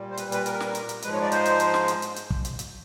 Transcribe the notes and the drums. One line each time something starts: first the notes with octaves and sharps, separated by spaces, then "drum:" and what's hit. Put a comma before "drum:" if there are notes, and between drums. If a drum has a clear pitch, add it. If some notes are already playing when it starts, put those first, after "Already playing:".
Already playing: A#2 G3
C5
B4, drum: hi-hat
B4, drum: hi-hat
A#4, drum: hi-hat
drum: snare
drum: hi-hat
drum: hi-hat
G#2 F3 G#3 B4, drum: hi-hat
C#5
D5
C5, drum: hi-hat
drum: hi-hat
drum: hi-hat
drum: snare
drum: hi-hat
drum: hi-hat
drum: hi-hat
drum: kick
drum: hi-hat
drum: hi-hat